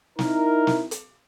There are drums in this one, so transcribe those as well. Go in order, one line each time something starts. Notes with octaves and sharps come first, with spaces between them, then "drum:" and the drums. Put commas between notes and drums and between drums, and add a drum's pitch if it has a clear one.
D#4 E4 A#4, drum: snare
drum: snare
drum: hi-hat